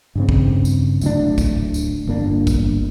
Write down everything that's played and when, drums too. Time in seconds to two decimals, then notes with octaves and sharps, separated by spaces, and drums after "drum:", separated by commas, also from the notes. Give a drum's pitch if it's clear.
0.15 G2 C#3 C4
0.29 drum: kick
0.65 drum: tambourine
1.01 D1 D2 D4, drum: tambourine
1.38 drum: kick, tambourine
1.74 drum: tambourine
2.07 G1 A#3 D4
2.47 drum: kick, tambourine